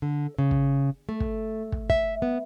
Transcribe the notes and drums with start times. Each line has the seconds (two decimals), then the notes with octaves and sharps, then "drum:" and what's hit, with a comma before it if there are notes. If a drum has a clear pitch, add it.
0.02 D3
0.38 C#3
0.51 drum: kick
1.09 A3
1.20 drum: kick
1.72 drum: kick
1.90 E5, drum: kick
2.22 B3